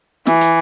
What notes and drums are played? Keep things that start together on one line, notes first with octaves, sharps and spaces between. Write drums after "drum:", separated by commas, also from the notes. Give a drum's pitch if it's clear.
E3, drum: snare
drum: hi-hat